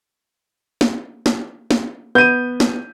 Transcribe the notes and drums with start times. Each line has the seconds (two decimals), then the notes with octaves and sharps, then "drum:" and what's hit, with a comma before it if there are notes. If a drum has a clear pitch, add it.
0.81 drum: snare
1.26 drum: snare
1.71 drum: snare
2.15 B3 G6 D#7
2.60 drum: snare